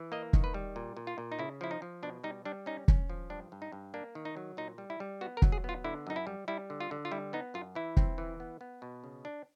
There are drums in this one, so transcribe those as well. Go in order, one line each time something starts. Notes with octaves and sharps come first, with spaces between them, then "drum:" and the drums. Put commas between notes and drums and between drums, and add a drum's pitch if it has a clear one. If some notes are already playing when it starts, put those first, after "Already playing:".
Already playing: E3
A#3 D#5
D#3, drum: kick
B4
G3
A#2
A#2
F4
A#2
D#4
C#3 E4
F3 E4
D#4
F3
B2 D4
G3 D#4
G3 D4
C#4 D#4
C#4, drum: kick
F3
G2 D4
G2
D#4
G2
A#3 D4
D#3
D#4
F#3
A#2 D#4
G3
E4
G3
B3 F#4
A#4
F#3, drum: kick
G#4
B3 F4
D3 E4
F#2 D#4
E4
G3
G3 E4
D3
F4
D3
F4
G3 E4
B3 D#4
F#2 F4
E3 E4
C4, drum: kick
E3
B3
B3
B2
C#3
D4